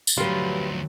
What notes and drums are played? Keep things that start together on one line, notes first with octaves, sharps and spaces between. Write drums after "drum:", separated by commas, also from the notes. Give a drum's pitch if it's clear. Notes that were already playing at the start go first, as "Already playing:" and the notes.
drum: tambourine
D2 F3 F#3 F4 G4 B4